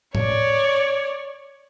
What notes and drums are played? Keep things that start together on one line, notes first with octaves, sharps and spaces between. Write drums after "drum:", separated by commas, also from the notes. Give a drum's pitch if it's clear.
C#5 D5, drum: tom A2